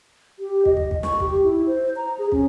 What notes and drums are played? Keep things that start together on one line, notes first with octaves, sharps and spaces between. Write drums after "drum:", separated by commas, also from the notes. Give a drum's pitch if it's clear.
G4
D#5, drum: kick
drum: kick
drum: kick
C#6, drum: snare
G4, drum: kick
E4
C5
A#5
G#4
C#4, drum: kick